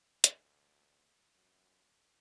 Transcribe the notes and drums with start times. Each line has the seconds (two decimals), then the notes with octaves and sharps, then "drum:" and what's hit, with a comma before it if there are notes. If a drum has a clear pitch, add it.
0.24 D2, drum: hi-hat
1.35 F#2